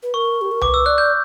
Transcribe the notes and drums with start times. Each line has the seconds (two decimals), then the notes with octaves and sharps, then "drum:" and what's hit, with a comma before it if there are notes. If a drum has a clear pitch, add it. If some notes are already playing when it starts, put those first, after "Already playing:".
0.03 B4
0.14 A#4 C#6
0.41 G4
0.51 A#4
0.61 B4 D6, drum: tom C2
0.74 E6
0.86 D5 F#6
0.98 G6